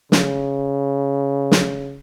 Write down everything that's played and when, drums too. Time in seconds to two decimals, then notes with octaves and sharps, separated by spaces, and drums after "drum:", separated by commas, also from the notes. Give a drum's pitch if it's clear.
0.12 C#3, drum: snare
1.51 drum: snare